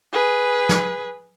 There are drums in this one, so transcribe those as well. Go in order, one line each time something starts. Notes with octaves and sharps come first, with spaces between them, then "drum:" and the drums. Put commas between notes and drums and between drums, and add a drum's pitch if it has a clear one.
G#4 B4
drum: snare